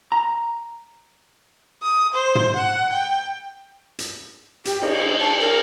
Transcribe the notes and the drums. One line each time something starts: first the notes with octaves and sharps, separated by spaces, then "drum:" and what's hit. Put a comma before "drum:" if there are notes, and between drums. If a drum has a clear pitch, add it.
A#5
D#6
C5
drum: tom
F#5
G5
drum: hi-hat
G4, drum: hi-hat
D#5, drum: cymbal
D#5
A5
A#4